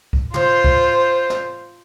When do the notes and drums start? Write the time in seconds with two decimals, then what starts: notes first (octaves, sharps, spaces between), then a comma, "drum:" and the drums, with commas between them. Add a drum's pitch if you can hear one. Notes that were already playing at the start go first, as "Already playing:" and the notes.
0.13 drum: kick
0.34 F4 C5, drum: tom
0.64 drum: kick
1.30 drum: snare